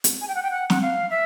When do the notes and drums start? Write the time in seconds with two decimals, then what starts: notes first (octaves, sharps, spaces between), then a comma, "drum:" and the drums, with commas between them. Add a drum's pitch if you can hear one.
0.04 drum: hi-hat
0.21 G#5
0.28 G5
0.35 F#5
0.43 G5
0.51 F#5
0.70 F#5, drum: snare
0.82 F5
1.10 E5